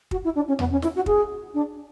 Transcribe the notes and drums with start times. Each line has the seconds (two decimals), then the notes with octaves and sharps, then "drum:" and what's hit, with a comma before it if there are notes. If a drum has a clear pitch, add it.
0.11 F#4, drum: kick
0.24 E4
0.35 D4
0.47 C#4
0.59 B3, drum: tom E2
0.71 C#4
0.82 E4, drum: snare
0.95 F#4
1.06 G#4, drum: kick
1.54 D4